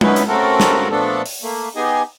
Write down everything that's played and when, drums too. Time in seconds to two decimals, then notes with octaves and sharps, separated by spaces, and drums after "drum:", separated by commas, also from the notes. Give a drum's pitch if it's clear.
0.01 D3 B3 C#4 D#4 E4 B4, drum: tom G#3
0.16 drum: hi-hat
0.28 C#3 A3 C4 F#4 A4 A#4
0.60 drum: snare
0.90 A#2 F3 A3 B3 D4 A4
1.26 drum: open hi-hat
1.42 A3 A#3
1.76 B3 D#4 G4 G#4 D#5 G#5